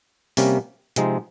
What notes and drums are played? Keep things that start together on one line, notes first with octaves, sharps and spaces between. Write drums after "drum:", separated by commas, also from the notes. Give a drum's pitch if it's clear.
C3 G3 A#3 C#4, drum: open hi-hat
C3 F3 G#3 C4 D#4, drum: hi-hat